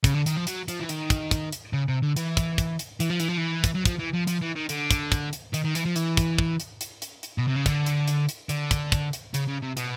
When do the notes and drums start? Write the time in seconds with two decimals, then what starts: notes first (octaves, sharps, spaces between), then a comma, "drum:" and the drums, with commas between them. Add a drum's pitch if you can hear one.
0.04 C#3, drum: kick, hi-hat
0.15 D3
0.26 D#3, drum: hi-hat
0.36 F3
0.47 F#3, drum: hi-hat
0.68 F3, drum: hi-hat
0.80 E3
0.89 D#3, drum: hi-hat
1.10 drum: kick, hi-hat
1.31 drum: kick, hi-hat
1.52 drum: hi-hat
1.73 C#3
1.88 C3
2.02 D3
2.16 E3, drum: hi-hat
2.37 drum: kick, hi-hat
2.58 drum: kick, hi-hat
2.79 drum: hi-hat
3.00 E3, drum: hi-hat
3.10 F3
3.20 E3, drum: hi-hat
3.29 F3
3.37 E3
3.64 drum: kick, hi-hat
3.75 F#3
3.85 F3, drum: kick, hi-hat
4.00 E3
4.14 F3
4.27 F3, drum: hi-hat
4.41 E3
4.55 D#3
4.69 D3, drum: hi-hat
4.91 drum: kick, hi-hat
5.12 drum: kick, hi-hat
5.33 drum: hi-hat
5.54 D#3, drum: hi-hat
5.65 D#3
5.75 E3, drum: hi-hat
5.85 F3
5.96 E3, drum: hi-hat
6.17 drum: kick, hi-hat
6.38 drum: kick
6.60 drum: hi-hat
6.81 drum: hi-hat
7.02 drum: hi-hat
7.23 drum: hi-hat
7.38 B2
7.47 C3
7.56 C#3
7.66 D3, drum: kick, hi-hat
7.86 drum: hi-hat
8.08 drum: hi-hat
8.29 drum: hi-hat
8.49 D3, drum: hi-hat
8.71 drum: kick, hi-hat
8.92 drum: kick, hi-hat
9.13 drum: hi-hat
9.34 C#3, drum: hi-hat
9.48 C#3
9.62 C3
9.77 B2, drum: hi-hat